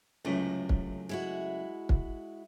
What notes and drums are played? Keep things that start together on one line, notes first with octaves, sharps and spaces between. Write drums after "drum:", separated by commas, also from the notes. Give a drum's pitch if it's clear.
C#2 F#2 A2 C3
drum: kick
G#3 E4 F#4
drum: kick